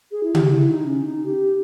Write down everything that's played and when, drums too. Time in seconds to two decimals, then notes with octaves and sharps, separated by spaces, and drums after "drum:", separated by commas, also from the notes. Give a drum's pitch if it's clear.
0.11 G#4
0.23 E4
0.35 G4, drum: tom C#3
0.51 E4
0.69 D#4
0.86 C#4
1.03 D#4
1.26 G4